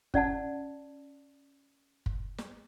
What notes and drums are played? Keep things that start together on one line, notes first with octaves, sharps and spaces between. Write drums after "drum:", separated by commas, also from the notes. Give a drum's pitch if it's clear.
C#4 D5 F#5 A5, drum: kick
drum: kick
drum: snare